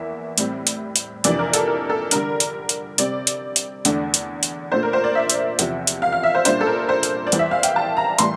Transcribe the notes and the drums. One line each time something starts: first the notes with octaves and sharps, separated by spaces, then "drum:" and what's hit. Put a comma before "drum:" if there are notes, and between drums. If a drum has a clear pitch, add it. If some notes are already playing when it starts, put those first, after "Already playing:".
Already playing: E2 E3 A#3 E5
A2 G3 C4, drum: hi-hat
drum: hi-hat
drum: hi-hat
F2 C3 E3 A#3 D4 D5, drum: hi-hat
A#4
A4, drum: hi-hat
A#4
A4
D3 G3 D4 A#4, drum: hi-hat
drum: hi-hat
drum: hi-hat
C3 G3 C4 D5, drum: hi-hat
drum: hi-hat
drum: hi-hat
E2 D3 A3 D4, drum: hi-hat
drum: hi-hat
drum: hi-hat
A#2 A3 D4 C5
A#4
C5
D5
E5
drum: hi-hat
E2 C3 F3 C4, drum: hi-hat
drum: hi-hat
F5
F5
E5
C5
A#2 G3 D4 C5, drum: hi-hat
A4
A#4
C5
drum: hi-hat
D5
E2 E3 G3, drum: hi-hat
E5
F5
G5, drum: hi-hat
A5
A#5
A2 E3 G3 C6, drum: hi-hat